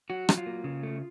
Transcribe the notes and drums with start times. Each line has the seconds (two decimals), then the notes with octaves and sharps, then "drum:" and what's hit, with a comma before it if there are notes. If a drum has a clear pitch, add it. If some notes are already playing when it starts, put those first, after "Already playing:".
0.10 F#3 F#4
0.29 F#3, drum: rim click
0.38 F4
0.46 A#3
0.64 C#3
0.83 A3